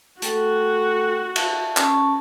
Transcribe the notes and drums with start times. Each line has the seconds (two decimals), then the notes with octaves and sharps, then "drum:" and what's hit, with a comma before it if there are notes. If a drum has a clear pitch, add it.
0.22 A3 F#4 A4 G5, drum: hi-hat
1.36 E5 A5, drum: cymbal
1.77 C#4 A5 C#6, drum: clap